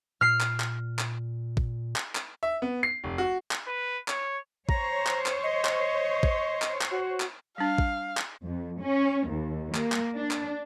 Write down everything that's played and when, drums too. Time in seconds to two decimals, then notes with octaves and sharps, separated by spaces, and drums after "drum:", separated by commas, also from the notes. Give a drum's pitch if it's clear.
0.21 A#2 F6 C7
0.41 drum: clap
0.60 drum: clap
0.99 drum: clap
1.57 drum: kick
1.96 drum: clap
2.15 drum: clap
2.43 E5
2.62 B3
2.83 C7
3.04 F1
3.18 F#4
3.51 drum: clap
3.67 B4
4.08 C#5, drum: clap
4.69 C5 C#5 A#5, drum: kick
5.07 drum: clap
5.26 drum: clap
5.43 D#5
5.65 drum: clap
6.23 drum: kick
6.62 drum: clap
6.81 drum: clap
6.91 F#4
7.20 drum: clap
7.58 G3 D4 F5
7.78 drum: kick
8.17 drum: clap
8.43 F2
8.81 C#4
9.28 D#2
9.75 A#3, drum: clap
9.92 drum: clap
10.15 D4
10.31 drum: clap